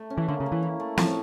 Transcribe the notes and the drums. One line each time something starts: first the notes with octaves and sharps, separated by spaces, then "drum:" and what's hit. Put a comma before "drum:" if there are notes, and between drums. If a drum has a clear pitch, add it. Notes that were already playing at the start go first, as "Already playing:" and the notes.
Already playing: A3 E5
C#4
E3
D3 A#3
C#3
A#3
E3
E4
A3
A2 F3, drum: snare